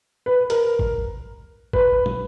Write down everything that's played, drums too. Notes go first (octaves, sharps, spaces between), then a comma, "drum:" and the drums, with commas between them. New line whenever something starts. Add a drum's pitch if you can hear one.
B4
A#4, drum: hi-hat
drum: kick
B4, drum: kick
drum: tom